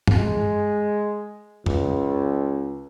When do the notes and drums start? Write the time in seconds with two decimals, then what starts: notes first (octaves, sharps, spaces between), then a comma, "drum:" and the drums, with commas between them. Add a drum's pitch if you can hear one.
0.07 drum: tom G2
0.17 G#3
1.66 C#2, drum: tom F2